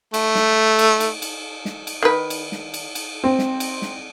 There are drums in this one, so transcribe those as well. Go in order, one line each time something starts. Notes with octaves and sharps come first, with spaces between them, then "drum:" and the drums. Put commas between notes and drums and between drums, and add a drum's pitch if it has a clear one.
A3, drum: cymbal
drum: snare
drum: cymbal
drum: cymbal
drum: cymbal
drum: snare
drum: cymbal
D#3 B4
drum: cymbal
drum: snare
drum: cymbal
drum: cymbal
C4
drum: snare
drum: cymbal
drum: snare